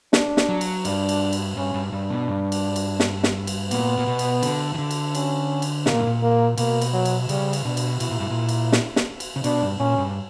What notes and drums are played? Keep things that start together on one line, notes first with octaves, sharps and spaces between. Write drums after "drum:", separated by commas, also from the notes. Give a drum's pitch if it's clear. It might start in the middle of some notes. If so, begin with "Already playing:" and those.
D4, drum: snare
drum: snare
F#3
drum: cymbal
G2 D4, drum: cymbal
drum: cymbal
drum: cymbal
G2 C#4
G2
G2 D4
B2
G2
drum: cymbal
drum: cymbal
drum: snare
drum: snare
drum: cymbal
A#2 B3, drum: cymbal
A#2
B2
drum: cymbal
D3, drum: cymbal
E3
D3
drum: cymbal
C#4, drum: cymbal
drum: cymbal
B2 A#3, drum: snare
A#2
G2
A#2
A#3
B2 A#3, drum: cymbal
drum: cymbal
F#3
drum: cymbal
C#3 G3, drum: cymbal
drum: cymbal
B2 D4
drum: cymbal
B2 E4, drum: cymbal
A#2
G2
A#2
drum: cymbal
drum: snare
drum: snare
drum: cymbal
C#3
B2 D4, drum: cymbal
G2
A#2 C#4
G2